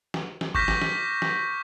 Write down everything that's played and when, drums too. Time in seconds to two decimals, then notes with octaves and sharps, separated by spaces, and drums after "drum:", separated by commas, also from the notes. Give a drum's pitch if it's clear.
0.14 drum: snare
0.41 drum: snare
0.55 C#6 D6 F6 G6 A#6 B6, drum: kick G1
0.68 drum: snare
0.81 drum: snare
1.22 drum: snare